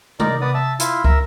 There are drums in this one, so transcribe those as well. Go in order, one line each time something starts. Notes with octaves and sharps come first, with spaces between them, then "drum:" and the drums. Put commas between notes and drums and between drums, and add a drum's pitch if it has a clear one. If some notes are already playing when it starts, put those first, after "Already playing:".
D#4 A#4 D5, drum: tom C3
B3 D5 D#6
E5 A5
E4 F4, drum: hi-hat
A#4 E5, drum: kick